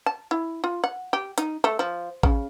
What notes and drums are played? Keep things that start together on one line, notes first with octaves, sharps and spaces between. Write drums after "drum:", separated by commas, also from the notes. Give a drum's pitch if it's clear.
A5
E4
F4
F#5
G4
D#4, drum: hi-hat
A3
F3
C#3, drum: kick A1